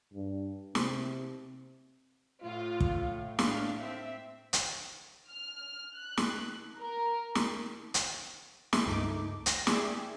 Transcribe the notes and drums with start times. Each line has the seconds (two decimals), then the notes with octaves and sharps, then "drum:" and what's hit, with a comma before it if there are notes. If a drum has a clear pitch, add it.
0.13 G2
0.75 C3, drum: snare
2.44 A2 F4
2.80 drum: kick
3.39 A2 D4 F5, drum: snare
3.80 C4 E5
4.53 drum: hi-hat
5.29 F6
5.97 F#6
6.17 drum: snare
6.77 A#4
7.35 drum: snare
7.94 drum: hi-hat
8.73 E4, drum: snare
8.86 C#2 G2 A3 D#4 D6
9.46 A#6, drum: hi-hat
9.67 G4 G#4 D5 E5, drum: snare